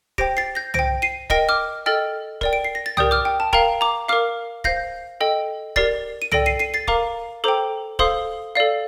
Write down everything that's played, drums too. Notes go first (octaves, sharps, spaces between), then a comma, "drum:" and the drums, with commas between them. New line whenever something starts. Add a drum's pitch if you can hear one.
G4 C5 G5 A#6 D7, drum: kick
A6 C7
G6 A#6
C5 G5 A#6 D7, drum: tom
C7 D#7
A#4 D#5 G5 A#6 D7, drum: kick
D6 F6
A4 D#5 G5 F6 A6
A#4 D5 G5, drum: kick
D7
C7
A#6
A6
G4 A#4 D5 G5 D#6 G6, drum: tom
D6 F6
G5
A5
A#4 F5 G5 A#5, drum: kick
A#5 D6
A#4 F5 D6 F6
C5 F5 G6 A#6, drum: kick
A4 D#5 G5
G4 A#4 D5 A6 C7, drum: kick
D#7
A4 D5 G5 A#6 D7, drum: tom
C7 D#7
C7 D#7
A6 C7
A#4 F5 A#5 D6, drum: kick
A4 C5 G5 A#5 D6
A4 C5 F5 C6 D#6, drum: kick
A4 D5 F5